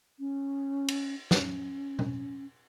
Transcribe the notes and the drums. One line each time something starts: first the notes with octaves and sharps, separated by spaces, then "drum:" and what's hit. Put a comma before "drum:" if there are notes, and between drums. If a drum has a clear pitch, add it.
C#4
drum: cymbal
C#4, drum: snare
drum: tom B2